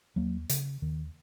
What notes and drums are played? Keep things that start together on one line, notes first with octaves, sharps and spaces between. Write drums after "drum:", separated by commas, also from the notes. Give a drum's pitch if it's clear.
D#2 F#3 A#3
C#3, drum: hi-hat
D#2 D#3